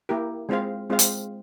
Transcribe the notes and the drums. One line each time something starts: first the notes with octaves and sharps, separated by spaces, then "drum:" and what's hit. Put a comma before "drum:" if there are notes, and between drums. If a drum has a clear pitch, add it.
A#3 E4 G4 A#4
G#3 C4 F4 C5 F5
G#3 C4 F4 C5 F5
drum: hi-hat